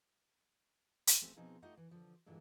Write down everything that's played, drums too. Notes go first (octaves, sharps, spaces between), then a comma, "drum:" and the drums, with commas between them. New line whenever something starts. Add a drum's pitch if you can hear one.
drum: hi-hat
A3 C4 C#4 G4 C5
B2 F3 C4 D#4 F4 G#4
A3 D#4 F4 G4 D#5 F#5
E3
D3 F3
G2 A#2 D3 E3 G#3